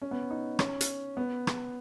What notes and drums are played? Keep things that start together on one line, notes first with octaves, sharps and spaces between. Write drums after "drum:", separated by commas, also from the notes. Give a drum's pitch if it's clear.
C#4
B3
D#4
C#4, drum: rim click
drum: hi-hat
B3
drum: rim click